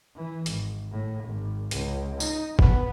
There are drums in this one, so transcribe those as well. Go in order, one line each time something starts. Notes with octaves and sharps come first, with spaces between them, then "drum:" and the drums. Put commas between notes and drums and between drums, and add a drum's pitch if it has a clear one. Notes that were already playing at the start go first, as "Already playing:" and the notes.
E3
G#1, drum: hi-hat
A2
G#1
C#2, drum: hi-hat
D#4, drum: tambourine
B3, drum: kick G1